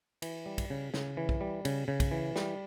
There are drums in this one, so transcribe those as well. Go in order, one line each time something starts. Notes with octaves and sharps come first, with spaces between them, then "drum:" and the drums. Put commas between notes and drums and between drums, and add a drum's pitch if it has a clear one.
E3, drum: cymbal
G3
drum: kick, cymbal
C#3
C#3, drum: snare
E3
drum: kick
G3
C#3, drum: cymbal
C#3
drum: kick, cymbal
E3
G3, drum: snare